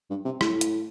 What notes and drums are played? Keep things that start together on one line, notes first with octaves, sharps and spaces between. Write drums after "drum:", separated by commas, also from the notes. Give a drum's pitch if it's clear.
G2
C3
A2, drum: rim click
drum: hi-hat